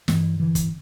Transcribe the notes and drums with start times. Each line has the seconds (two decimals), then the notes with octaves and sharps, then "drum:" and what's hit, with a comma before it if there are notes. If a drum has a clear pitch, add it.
0.08 G2 E3, drum: snare
0.39 D3 E3
0.55 drum: kick, hi-hat